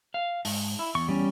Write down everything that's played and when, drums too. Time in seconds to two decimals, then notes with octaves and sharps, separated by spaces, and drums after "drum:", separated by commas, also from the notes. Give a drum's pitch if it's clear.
0.14 F5
0.45 G#2, drum: open hi-hat
0.79 E4
0.95 E2 C#6
1.09 G3 C#4